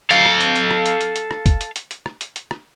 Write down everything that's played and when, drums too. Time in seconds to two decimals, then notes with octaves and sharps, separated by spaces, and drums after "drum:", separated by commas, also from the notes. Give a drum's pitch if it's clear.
0.10 A4 F5, drum: hi-hat
0.25 drum: rim click
0.40 drum: hi-hat
0.56 drum: hi-hat
0.71 drum: rim click
0.86 drum: hi-hat
1.01 drum: hi-hat
1.16 drum: hi-hat
1.31 drum: rim click
1.46 drum: kick, hi-hat
1.61 drum: hi-hat
1.76 drum: hi-hat
1.91 drum: hi-hat
2.06 drum: rim click
2.21 drum: hi-hat
2.36 drum: hi-hat
2.51 drum: rim click